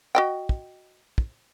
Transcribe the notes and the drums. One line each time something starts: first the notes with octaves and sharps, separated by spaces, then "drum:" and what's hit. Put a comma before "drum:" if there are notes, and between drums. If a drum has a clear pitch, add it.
F#4 D#5 G5
drum: kick
drum: kick